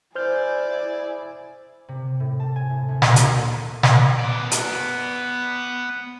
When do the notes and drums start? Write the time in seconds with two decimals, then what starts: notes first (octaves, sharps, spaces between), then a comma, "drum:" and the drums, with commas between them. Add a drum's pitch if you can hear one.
0.15 E4 G#4 C5 D5 F6 G6
1.88 C3
2.20 A2
2.40 A5
2.56 G#5
2.70 A2
2.88 D2
3.02 drum: snare
3.16 A#3, drum: hi-hat
3.83 drum: snare
4.20 B3 D5
4.51 drum: hi-hat